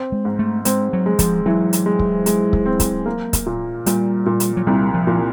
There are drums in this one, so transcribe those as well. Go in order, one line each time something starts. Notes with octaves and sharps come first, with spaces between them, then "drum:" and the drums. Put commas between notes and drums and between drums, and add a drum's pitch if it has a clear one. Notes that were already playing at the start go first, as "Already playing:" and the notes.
Already playing: C4
G#3
G#2
A3
G#3 C4, drum: hi-hat
F#3
G#3
F3, drum: kick C#1, hi-hat
E3 F#3
drum: hi-hat
G#3
drum: kick C#1
G#3, drum: hi-hat
drum: kick C#1
C4
drum: kick C#1, hi-hat
A#3
drum: kick C#1, hi-hat
A#2
A#2 G3, drum: hi-hat
A#2
drum: hi-hat
F#3
C2 G3
F3
A#2